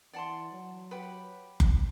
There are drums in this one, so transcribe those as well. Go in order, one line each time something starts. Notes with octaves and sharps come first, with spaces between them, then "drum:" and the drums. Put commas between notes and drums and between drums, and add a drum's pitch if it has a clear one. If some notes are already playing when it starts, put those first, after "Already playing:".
E3 D5 F#5 A5 C6
F#3
G4 B4 F#5 B5
drum: kick F#1